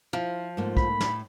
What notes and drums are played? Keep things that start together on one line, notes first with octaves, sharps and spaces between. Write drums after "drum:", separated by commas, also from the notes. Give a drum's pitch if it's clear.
F3 E4
G#2 A3 A#3
B5, drum: kick
A2, drum: snare